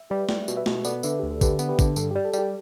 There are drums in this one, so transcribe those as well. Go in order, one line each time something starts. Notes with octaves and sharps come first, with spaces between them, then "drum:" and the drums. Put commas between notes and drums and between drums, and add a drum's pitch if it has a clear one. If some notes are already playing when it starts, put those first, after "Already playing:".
Already playing: E5
G3 G4 B4
G3, drum: snare
B2, drum: tambourine
B4 E5
B2, drum: snare
B3 A4 D5, drum: tambourine
D3 B4 E5, drum: tambourine
D2 G4
A4
D3 G4 B4, drum: kick, tambourine
B3, drum: tambourine
G4 B4
D3, drum: kick, tambourine
G2 A4, drum: tambourine
G3 G4
A4
G3, drum: tambourine
G4